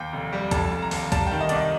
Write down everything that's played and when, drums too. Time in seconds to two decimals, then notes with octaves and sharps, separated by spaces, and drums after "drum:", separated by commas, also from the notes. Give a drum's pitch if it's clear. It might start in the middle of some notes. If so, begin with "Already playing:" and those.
Already playing: D#2 G5
0.13 F1
0.33 G3
0.51 F1 A5, drum: kick, hi-hat
0.72 F1
0.82 A#5
0.91 D#2, drum: open hi-hat
1.12 G3 A5, drum: kick, hi-hat
1.27 D#3 G5
1.41 D#5
1.49 C2 D5, drum: hi-hat
1.57 D#5